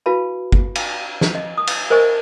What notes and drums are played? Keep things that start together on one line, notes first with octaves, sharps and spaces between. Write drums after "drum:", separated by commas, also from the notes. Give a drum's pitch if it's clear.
E4 F#4 B4 F5 A5 B5
drum: kick G1
drum: cymbal
drum: snare
D#5
D#6
drum: cymbal
A#4 C5 D#5 G#5 C#6